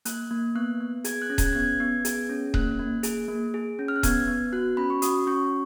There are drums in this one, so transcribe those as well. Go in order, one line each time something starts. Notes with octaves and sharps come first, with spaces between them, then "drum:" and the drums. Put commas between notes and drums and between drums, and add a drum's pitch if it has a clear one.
A#3 F#6, drum: hi-hat
A#3
B3 F#6
B3
G#4 G#6, drum: hi-hat
F#6
C#4
G#6, drum: kick D#1, hi-hat
F#6
B3 G#6
B3
G#4, drum: hi-hat
C#4
A#3 F#6, drum: kick D#1
A#3
G#4, drum: hi-hat
A#3
G#4
C#4
F6
F#6
B3 G#6, drum: kick D#1, hi-hat
B3
F#4 F#6
C#4 B5
C#6
F#4 D#6, drum: hi-hat
C#4 C#6